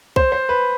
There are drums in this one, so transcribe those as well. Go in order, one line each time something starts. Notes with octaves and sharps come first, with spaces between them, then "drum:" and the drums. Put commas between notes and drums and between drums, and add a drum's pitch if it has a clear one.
C5, drum: kick C2
C5
B4